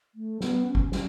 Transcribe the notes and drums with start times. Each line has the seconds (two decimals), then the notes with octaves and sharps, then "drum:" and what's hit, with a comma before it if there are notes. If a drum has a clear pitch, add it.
0.15 A3
0.40 B3, drum: snare
0.66 C#4
0.75 drum: kick G1
0.92 drum: snare